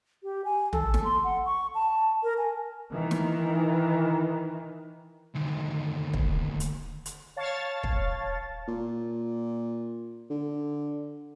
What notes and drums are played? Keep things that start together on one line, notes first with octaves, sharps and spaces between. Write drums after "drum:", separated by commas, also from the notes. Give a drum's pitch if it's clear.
G4
G#5
A4, drum: tom
drum: snare
C6
F#5
C#6
A5
A#4
G#5
D#3 E3
drum: snare
D2 D#3
drum: kick
drum: hi-hat
drum: hi-hat
C#5 F5 A5 A6
drum: kick
A#2
D3